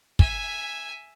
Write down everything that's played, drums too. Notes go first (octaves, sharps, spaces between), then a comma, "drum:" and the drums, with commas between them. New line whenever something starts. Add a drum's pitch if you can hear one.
E5 G#5, drum: kick